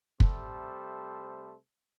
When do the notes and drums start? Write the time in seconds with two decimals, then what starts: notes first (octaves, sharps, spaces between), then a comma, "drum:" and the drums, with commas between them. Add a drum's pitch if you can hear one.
0.20 C3 G3 A3 A4 C5, drum: kick